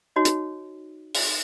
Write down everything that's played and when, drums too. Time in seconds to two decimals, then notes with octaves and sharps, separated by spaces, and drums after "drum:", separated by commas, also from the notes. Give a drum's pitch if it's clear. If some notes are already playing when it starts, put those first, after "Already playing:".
0.16 D#4 F#4 C#5 D#5
0.25 drum: hi-hat
1.15 drum: open hi-hat